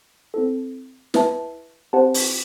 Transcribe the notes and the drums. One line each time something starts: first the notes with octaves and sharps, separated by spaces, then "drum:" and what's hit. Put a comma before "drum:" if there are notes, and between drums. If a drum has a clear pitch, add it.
C4 E4 A4
E4 B4 E5 A5, drum: snare
C4 G4 C5 F#5 A5
drum: open hi-hat